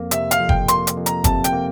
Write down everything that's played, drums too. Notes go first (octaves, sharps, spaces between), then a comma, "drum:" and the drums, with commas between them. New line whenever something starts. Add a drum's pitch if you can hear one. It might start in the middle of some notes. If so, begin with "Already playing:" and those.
Already playing: F2 A#3
C3 E5, drum: hi-hat
F5, drum: hi-hat
F2
G5, drum: kick
A#3 C6, drum: hi-hat
drum: hi-hat
F2
A#5, drum: hi-hat
C3 A5, drum: kick, hi-hat
G5, drum: hi-hat
A#3